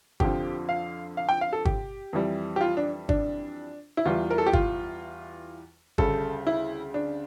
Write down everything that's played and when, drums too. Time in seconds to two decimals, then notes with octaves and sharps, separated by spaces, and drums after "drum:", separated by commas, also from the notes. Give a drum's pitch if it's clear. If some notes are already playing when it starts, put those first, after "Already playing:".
0.20 F2 D3 F3 G4, drum: kick G1
0.69 F5
1.17 F5
1.29 G5
1.41 F5
1.53 A4
1.65 G4, drum: kick G1
2.13 F2 E3 G3
2.56 G4
2.61 F4
2.77 D4
3.09 D4, drum: kick G1
3.97 E4
4.05 E2 E3 G3 F4
4.31 A#4
4.38 A4
4.47 G4
4.53 F4, drum: kick G1
5.98 D2 C#3 G3 A4, drum: kick G1
6.47 E4
6.94 D4